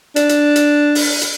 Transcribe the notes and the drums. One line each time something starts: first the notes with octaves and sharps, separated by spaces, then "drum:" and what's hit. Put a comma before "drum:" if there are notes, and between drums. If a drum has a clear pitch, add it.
D4, drum: hi-hat
drum: hi-hat
drum: hi-hat
drum: open hi-hat
drum: hi-hat